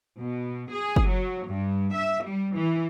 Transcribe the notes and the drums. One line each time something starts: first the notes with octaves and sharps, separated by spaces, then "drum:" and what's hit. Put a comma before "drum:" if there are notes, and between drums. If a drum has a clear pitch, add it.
B2
G#4
drum: kick F#1
F#3
G2
E5
G3
E3